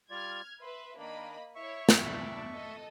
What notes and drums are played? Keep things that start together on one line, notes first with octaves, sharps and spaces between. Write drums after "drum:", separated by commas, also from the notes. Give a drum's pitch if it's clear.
G3 F4 D5 F6 G#6
B4 E5 C6
D#3 A#3 D4 D#5 B5
E4 C#5 E5 C#6
drum: snare
D4 B5
A4 D#5